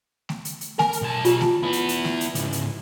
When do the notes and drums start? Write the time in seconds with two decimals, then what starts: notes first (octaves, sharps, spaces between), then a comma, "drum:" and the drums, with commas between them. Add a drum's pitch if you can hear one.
0.29 drum: snare A3
0.45 drum: hi-hat
0.61 drum: hi-hat
0.79 A#4 G#5, drum: snare A3
0.93 drum: hi-hat
1.02 B1 A5
1.25 F4 G4, drum: hi-hat
1.41 drum: snare A3
1.63 B3 E4
1.73 drum: hi-hat
1.89 drum: hi-hat
2.05 drum: snare A3
2.21 drum: hi-hat
2.35 C#2 G#2, drum: hi-hat
2.53 drum: hi-hat